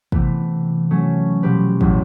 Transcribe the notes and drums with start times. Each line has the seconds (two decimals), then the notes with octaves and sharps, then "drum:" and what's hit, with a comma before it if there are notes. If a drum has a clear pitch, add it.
0.12 C3 E3 A3 B3, drum: kick
0.91 F#3 A3 C#4
1.43 B2 F3 G4 B4
1.81 A1 E2 F#3, drum: kick